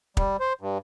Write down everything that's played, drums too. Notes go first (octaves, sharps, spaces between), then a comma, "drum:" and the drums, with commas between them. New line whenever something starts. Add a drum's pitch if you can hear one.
G3, drum: kick
C5
G2